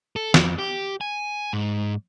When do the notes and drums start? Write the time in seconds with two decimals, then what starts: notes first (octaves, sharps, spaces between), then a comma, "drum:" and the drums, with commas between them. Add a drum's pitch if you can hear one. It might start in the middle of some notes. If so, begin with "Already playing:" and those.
0.16 A4
0.34 F2, drum: snare
0.59 G4
1.01 G#5
1.53 G#2